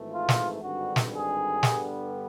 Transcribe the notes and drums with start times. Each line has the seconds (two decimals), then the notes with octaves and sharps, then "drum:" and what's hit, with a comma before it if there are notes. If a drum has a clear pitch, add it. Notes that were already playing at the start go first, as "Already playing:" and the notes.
Already playing: G#1 G#2 E3 A3
0.12 F4
0.29 drum: snare
0.62 G#1 G2 D3 G3 F#4
0.96 drum: snare
1.13 G#4
1.63 G2 D3 G3 B3, drum: snare